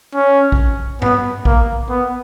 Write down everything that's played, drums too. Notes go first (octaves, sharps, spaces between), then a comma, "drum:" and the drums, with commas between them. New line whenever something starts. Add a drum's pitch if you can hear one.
C#4
drum: kick A#1
B3, drum: tom G2
A#3, drum: kick A#1
B3